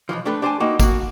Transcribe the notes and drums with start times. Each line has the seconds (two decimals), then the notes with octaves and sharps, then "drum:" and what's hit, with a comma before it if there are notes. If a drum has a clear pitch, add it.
0.09 B1 F#2 E3 F3
0.25 A3 D4 G4 A4 B4
0.42 D4 G4 C5 E5 G#5 A5
0.60 A#3 D#4 E4 F#4 G4
0.80 A#3 F#4, drum: kick, tambourine